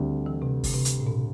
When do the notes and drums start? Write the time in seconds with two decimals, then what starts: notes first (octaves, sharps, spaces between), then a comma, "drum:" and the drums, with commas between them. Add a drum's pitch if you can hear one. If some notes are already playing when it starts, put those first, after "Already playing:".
Already playing: D2 D3 G3 C4 G4
0.26 E3
0.42 C3
0.64 drum: kick, open hi-hat
0.74 C3
0.85 drum: hi-hat
1.00 A2
1.07 B2